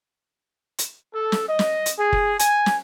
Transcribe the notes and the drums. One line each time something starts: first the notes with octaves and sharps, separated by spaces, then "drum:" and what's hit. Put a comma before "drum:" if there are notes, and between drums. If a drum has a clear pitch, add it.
drum: hi-hat
A4
drum: snare
D#5
drum: snare
drum: hi-hat
G#4
drum: kick F#1
G#5, drum: hi-hat
drum: snare